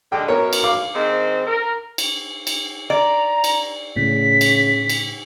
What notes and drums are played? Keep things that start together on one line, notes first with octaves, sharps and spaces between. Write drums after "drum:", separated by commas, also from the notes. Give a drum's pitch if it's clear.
D3 G3 G#3 G5
F#2 B3 A#4 C#5
drum: cymbal
F5 D6
D#3 G#3 C4
A#4
drum: cymbal
drum: cymbal
D5 A#5
drum: cymbal
A2 C#3 B6
drum: cymbal
drum: cymbal